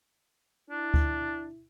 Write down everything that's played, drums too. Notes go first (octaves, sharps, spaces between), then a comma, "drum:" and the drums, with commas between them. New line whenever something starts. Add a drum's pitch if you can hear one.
D4 E4
drum: kick D2